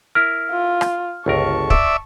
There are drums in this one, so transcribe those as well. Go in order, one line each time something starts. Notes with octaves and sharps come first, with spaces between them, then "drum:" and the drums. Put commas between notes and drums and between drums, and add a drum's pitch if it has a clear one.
E4 A#4 F6
F4
drum: rim click
G1 C#2 A#4 A5 C#6
D5 E5, drum: kick